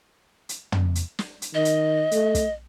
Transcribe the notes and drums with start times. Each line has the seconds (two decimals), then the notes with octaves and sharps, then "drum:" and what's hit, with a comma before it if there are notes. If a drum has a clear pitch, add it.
0.49 drum: hi-hat
0.72 drum: tom
0.95 drum: hi-hat
1.19 drum: snare
1.42 drum: hi-hat
1.54 D#3 D#5
1.65 drum: hi-hat
2.11 A3, drum: hi-hat
2.35 drum: kick, hi-hat